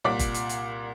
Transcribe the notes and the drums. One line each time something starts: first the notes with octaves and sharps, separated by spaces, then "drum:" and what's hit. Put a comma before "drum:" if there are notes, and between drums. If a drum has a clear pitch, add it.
C2 A#2 D5 D6 B6
drum: kick G1, hi-hat
drum: hi-hat
drum: hi-hat